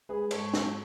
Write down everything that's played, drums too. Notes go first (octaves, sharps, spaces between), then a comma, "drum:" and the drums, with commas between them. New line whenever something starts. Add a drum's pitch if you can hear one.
G#3 G#4 B4
G#2 A4 C#5, drum: cymbal
F#3, drum: snare